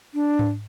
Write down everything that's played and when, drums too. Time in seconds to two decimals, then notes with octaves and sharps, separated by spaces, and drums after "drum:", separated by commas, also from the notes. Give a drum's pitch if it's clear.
0.14 D4
0.39 drum: tom G#2